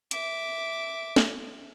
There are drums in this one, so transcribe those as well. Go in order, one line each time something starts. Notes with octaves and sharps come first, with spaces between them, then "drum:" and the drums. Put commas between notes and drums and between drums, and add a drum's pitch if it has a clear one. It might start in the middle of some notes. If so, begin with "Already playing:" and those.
E5 D6, drum: hi-hat
drum: snare